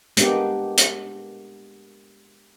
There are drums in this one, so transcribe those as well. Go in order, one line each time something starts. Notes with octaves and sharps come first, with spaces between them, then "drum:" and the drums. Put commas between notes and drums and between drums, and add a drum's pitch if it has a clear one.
G#3 A#3 B3 D4 G4, drum: hi-hat
drum: hi-hat